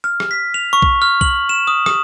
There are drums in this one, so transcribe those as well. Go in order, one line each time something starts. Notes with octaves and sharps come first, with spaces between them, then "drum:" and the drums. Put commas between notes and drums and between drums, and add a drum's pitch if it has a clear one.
F6
drum: rim click
B6
F7
C#6
drum: kick
F6
F#7, drum: kick
E7
D#6
D#6, drum: rim click